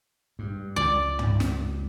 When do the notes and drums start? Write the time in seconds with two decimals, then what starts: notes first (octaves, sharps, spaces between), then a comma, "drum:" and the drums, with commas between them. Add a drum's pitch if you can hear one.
0.39 G2
0.76 C#2 D5
1.19 drum: tom
1.40 drum: snare